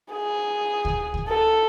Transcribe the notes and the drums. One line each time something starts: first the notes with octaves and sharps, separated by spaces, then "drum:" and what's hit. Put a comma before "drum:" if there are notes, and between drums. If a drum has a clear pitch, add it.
G#4
drum: kick C#2
drum: kick C#2
A4